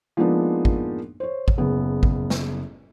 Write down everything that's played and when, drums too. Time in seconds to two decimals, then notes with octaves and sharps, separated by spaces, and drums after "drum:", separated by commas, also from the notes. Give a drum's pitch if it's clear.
0.17 F3 G#3 A#3 B3 D4 D#4
0.65 drum: kick
1.20 C5 C#5
1.48 drum: kick
1.58 F#1 B3 G#4
2.03 drum: kick
2.30 drum: snare